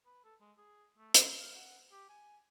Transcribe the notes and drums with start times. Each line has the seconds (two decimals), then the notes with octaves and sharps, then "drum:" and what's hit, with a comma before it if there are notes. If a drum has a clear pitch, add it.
0.06 B4
0.25 A4
0.41 G#3
0.58 G#4
0.98 A3
1.14 E4, drum: hi-hat
1.39 F5
1.55 F#5
1.92 G4
2.09 G#5